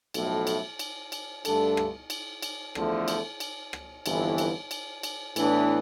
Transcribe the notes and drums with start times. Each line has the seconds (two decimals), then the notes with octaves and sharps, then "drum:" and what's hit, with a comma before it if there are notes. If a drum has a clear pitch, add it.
0.14 B1 A2 F3 A3 E4, drum: cymbal
0.47 drum: cymbal
0.79 drum: cymbal
1.12 drum: cymbal
1.45 G2 D3 A3 D4 A4, drum: cymbal
1.77 drum: rim click
2.10 drum: cymbal
2.42 drum: cymbal
2.75 E2 D3 F3 A3, drum: rim click
3.08 drum: cymbal
3.40 drum: cymbal
3.73 drum: rim click
4.06 G1 F2 E3, drum: cymbal
4.38 drum: cymbal
4.71 drum: cymbal
5.03 drum: cymbal
5.36 A2 E3 B3 D4, drum: cymbal